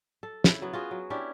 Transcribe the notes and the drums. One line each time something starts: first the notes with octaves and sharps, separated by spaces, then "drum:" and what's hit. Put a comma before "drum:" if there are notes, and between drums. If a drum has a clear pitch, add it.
A4
C#3 E4, drum: snare
F#3 B3
F4 F#4 G#4
F#3
C#4 D4 E4 G4